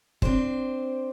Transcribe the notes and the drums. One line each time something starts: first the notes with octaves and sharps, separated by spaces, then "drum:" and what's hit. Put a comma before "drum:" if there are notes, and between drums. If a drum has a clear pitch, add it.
C4 D4 C5, drum: kick